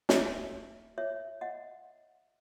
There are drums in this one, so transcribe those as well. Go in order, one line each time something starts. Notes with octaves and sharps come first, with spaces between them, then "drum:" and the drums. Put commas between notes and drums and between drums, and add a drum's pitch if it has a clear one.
C#5 E5, drum: snare
C#5 E5
D#5 F#5